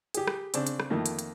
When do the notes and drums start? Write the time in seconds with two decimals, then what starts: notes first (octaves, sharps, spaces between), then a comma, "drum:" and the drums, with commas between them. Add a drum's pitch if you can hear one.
0.14 G4 G#4, drum: hi-hat
0.27 drum: rim click
0.54 C#3 C4 D4, drum: hi-hat
0.67 drum: hi-hat
0.80 drum: rim click
0.90 F2 D#3 F3 A3 A#3
1.06 drum: hi-hat
1.19 drum: hi-hat